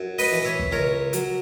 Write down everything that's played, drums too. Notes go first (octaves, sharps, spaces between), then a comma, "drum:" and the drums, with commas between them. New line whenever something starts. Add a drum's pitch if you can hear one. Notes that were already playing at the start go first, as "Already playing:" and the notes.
Already playing: F#2
B4 D#5, drum: open hi-hat
E3
C#5 E5
drum: kick
C#2 A#4 C#5
F#3, drum: hi-hat